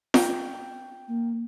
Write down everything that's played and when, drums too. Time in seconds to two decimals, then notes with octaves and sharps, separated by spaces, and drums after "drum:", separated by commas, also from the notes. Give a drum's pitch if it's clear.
0.14 G5, drum: snare F4
1.08 A#3